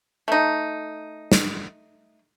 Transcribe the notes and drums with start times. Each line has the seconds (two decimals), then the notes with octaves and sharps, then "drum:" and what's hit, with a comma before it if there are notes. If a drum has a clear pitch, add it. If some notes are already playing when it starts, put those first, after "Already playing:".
0.28 A3 D#4
1.32 drum: snare